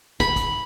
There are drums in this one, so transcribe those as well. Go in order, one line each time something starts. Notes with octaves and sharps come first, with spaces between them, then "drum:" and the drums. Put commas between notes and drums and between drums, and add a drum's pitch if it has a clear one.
B5, drum: kick, hi-hat
drum: kick, hi-hat